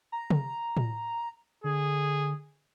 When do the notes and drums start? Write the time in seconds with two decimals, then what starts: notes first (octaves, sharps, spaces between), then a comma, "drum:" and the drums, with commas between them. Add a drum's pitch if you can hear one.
0.12 A#5
0.30 drum: tom
0.77 drum: tom A2
1.64 D3 G#4